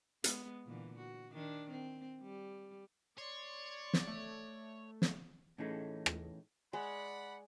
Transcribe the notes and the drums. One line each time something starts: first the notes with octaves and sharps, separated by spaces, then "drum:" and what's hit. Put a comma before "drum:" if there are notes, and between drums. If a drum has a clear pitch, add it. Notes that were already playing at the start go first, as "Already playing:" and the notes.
G#3 B3, drum: hi-hat
A#2 D3 E3
F#4
D#3 D4
C4
G3
C#5 D5 C6
drum: snare
A3
drum: snare
A2 E3 C#4 D#4 G#4 A4
drum: rim click
G#3 D5 F#5 B5